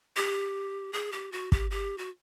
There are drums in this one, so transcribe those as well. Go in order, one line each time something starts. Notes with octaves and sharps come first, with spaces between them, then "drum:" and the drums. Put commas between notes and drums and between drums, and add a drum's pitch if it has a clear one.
G4
G#4
G4
F#4
G4, drum: kick
G4
F#4